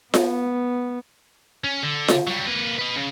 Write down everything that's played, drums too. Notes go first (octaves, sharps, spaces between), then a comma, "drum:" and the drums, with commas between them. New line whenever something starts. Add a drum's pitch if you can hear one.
B3, drum: snare F4
C#4
D3
drum: snare F4
F#3 G3
A#3 B4
B4 D#5
C#3